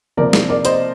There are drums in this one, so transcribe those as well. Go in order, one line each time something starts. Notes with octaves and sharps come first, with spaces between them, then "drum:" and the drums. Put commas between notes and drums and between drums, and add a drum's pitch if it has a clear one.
C3 F3 A#3 A#4 D5
drum: snare
A#4 D5
C5 D#5, drum: hi-hat